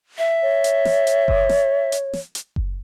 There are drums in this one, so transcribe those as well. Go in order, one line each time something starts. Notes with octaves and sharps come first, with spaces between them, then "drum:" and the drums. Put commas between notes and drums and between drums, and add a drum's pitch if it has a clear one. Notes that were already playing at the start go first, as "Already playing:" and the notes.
E5
C#5
drum: hi-hat
drum: snare
drum: hi-hat
drum: kick F#1
drum: snare
drum: hi-hat
drum: snare
drum: hi-hat
drum: kick F#1